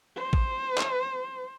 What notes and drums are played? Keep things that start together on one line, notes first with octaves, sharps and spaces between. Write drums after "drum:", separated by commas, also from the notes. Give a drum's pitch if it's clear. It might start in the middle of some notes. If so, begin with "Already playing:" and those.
C5
drum: kick A1
drum: clap